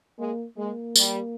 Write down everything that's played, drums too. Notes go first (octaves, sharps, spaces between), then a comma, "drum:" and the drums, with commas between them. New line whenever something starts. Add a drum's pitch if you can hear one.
G#3 A#3
G#3 A#3
G3, drum: tambourine